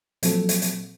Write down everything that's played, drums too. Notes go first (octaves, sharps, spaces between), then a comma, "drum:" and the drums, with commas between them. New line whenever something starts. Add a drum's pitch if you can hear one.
A#2 F3 F#3 C4 A4, drum: hi-hat
drum: hi-hat
drum: hi-hat